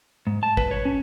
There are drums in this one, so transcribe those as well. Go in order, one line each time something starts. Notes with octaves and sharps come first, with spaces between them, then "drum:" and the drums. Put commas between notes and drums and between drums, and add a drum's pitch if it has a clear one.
G#2
A5
B4, drum: kick
C#5
C#4